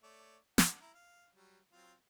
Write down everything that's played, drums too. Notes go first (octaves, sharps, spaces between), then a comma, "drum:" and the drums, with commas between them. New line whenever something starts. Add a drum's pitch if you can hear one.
A3 C#5 D5
D4 F#5, drum: snare
E4 A#5
F5
F#3 G3
F#3 C4 F4